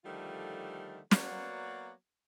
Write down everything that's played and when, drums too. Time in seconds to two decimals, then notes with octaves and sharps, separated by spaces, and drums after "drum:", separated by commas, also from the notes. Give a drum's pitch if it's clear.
0.05 D3 D#3 F3 G3 A3 F4
1.11 F#3 A#3 B3 F#4 D5, drum: snare